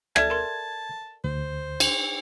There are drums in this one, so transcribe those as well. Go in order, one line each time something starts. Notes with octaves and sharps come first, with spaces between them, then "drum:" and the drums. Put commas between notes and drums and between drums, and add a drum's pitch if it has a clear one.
A4 D5 E5 A5 G#6, drum: rim click
A#4 C6
D2 C5
drum: cymbal